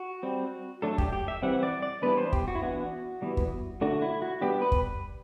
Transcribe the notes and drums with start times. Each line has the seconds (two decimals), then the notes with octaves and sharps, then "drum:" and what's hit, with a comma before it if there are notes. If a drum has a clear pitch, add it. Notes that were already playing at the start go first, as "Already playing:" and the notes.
Already playing: F#4
0.23 G3 C4
0.82 F#3 A3 D4 A4
0.98 G4, drum: kick
1.13 G4
1.28 E5
1.43 E3 G3 C4 F#5
1.63 D5
1.83 D5
2.02 E3 G3 B3 D4 B4
2.17 C5
2.32 G4, drum: kick
2.48 F#4
2.55 E4
2.62 E3 B3 D4 F#4
3.22 E3 G3 B3
3.37 drum: kick
3.81 D3 A3 D4 F#4
4.02 E4
4.22 F#4
4.41 G3 B3 D4 G4
4.62 B4
4.72 drum: kick